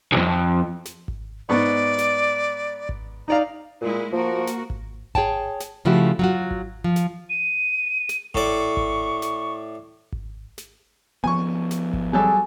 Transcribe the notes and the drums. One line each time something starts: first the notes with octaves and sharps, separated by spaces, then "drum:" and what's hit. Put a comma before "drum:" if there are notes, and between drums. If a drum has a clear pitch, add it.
B1 F2
drum: snare
drum: kick G#1
G#2 B3 D5 C#6
drum: snare
drum: kick G#1
D#4 D5 F5 A#5
A#2 G#3 E4
F3 A#3 F#4 A#4
drum: snare
drum: kick G#1
G#4 C#5 G5 A5, drum: kick G#1
drum: snare
C#3 F3 A3 E4 F#4 G4
F#3 F4 F#4
drum: kick G#1
F3
drum: snare
D#7
drum: snare
A2 D5 C#6, drum: kick G#1
drum: kick G#1
drum: snare
drum: kick G#1
drum: snare
F3 B3 G#5 C#6
drum: snare
drum: kick G#1
F#3 G3 G#4 A4